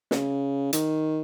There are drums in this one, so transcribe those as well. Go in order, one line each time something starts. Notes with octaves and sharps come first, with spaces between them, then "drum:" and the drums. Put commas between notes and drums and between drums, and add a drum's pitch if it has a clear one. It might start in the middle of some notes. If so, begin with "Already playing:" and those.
C#3, drum: snare
D#3, drum: hi-hat